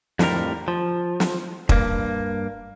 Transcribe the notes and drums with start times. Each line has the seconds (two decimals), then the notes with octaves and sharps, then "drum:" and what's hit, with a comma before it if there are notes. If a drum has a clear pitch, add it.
0.19 F2 A2 D3 G3 A#4, drum: snare
0.68 F3
1.20 drum: snare
1.69 G2 A#3, drum: kick